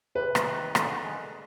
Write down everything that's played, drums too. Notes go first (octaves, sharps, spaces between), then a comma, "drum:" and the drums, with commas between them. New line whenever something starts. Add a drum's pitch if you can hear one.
C3 B4
drum: rim click
D#3
D3, drum: rim click
G#3